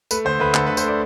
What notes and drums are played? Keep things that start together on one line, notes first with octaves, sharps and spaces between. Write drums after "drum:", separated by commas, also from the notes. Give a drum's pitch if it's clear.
A3 B4, drum: tambourine
D2 C5
D2 B4
D3 A4, drum: clap
B4
D2
C5, drum: tambourine
A3 D5